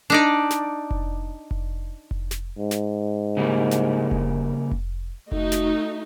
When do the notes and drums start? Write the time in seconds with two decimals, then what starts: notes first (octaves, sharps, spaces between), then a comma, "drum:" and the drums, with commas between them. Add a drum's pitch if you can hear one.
0.10 D4 D#4 D5
0.50 drum: snare
0.91 drum: kick F1
1.51 drum: kick F1
2.11 drum: kick F1
2.31 drum: snare
2.58 G#2
2.71 drum: snare
3.37 C#3 G3 A#3
3.71 drum: snare
4.11 drum: kick F1
4.71 drum: kick F1
5.32 A3 D#4 F#4, drum: kick F1
5.52 drum: snare